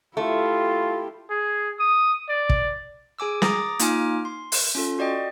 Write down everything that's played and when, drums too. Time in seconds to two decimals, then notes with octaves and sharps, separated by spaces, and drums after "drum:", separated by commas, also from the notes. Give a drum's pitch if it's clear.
0.17 A3 E4 F4 G4
1.30 G#4
1.79 D#6
2.29 D5
2.49 drum: kick
3.19 G#4 G#5 D6 E6
3.42 A#5 D6 D#6 A6 A#6, drum: snare
3.79 A#3 D#4 F4 G#5 D6 F6, drum: hi-hat
4.25 C6
4.52 drum: open hi-hat
4.75 C#4 F4 A4
4.99 F#4 D5 D#5 G5